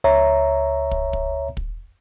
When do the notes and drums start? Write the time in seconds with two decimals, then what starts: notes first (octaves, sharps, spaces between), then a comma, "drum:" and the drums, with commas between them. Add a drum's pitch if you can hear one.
0.04 C#2 C#5 E5 A#5
0.91 drum: kick
1.13 drum: kick
1.57 drum: kick